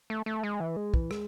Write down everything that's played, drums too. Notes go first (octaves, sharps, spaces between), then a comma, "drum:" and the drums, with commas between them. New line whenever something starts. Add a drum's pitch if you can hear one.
A3
A3
G#3
E3
G#3
E3, drum: kick
G#3, drum: rim click